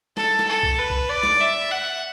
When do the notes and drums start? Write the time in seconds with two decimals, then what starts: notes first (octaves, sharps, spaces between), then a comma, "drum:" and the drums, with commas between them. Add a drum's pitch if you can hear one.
0.17 A4, drum: snare
0.39 drum: snare
0.48 A4
0.63 drum: kick C2
0.79 B4
0.90 drum: kick C2
1.10 D5
1.23 drum: snare
1.41 E5
1.71 F#5